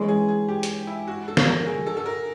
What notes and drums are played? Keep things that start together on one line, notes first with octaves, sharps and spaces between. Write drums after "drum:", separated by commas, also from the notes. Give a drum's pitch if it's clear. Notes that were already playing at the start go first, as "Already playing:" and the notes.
Already playing: E3 G#3 C#4
G#4
G#4
G4
drum: hi-hat
E4
F#4
A4
drum: snare
A#4
G#4
A4
A4
A#4